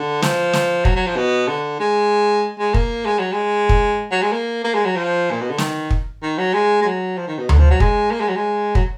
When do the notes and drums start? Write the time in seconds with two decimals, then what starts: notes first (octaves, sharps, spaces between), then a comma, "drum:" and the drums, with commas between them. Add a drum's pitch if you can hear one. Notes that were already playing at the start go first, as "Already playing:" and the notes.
Already playing: D3
0.22 F3, drum: snare
0.53 drum: snare
0.85 F#3, drum: kick
0.96 F#3
1.07 F3
1.16 B2
1.48 D3
1.80 G#3
2.59 G#3
2.74 A#3, drum: kick
3.06 G#3
3.19 F#3
3.32 G#3
3.69 drum: kick
4.12 F#3
4.22 G#3
4.32 A#3
4.64 A#3
4.74 G#3
4.85 F#3
4.96 F3
5.31 A#2
5.41 B2
5.50 D3
5.58 D#3, drum: snare
5.91 drum: kick
6.23 D#3
6.38 F#3
6.54 G#3
6.82 G#3
6.85 F#3
7.17 F3
7.27 D#3
7.38 B2
7.49 D3, drum: tom D2
7.59 F3
7.70 F#3
7.80 G#3, drum: kick
8.11 A#3
8.20 G#3
8.29 F#3
8.36 G#3
8.75 F#3, drum: kick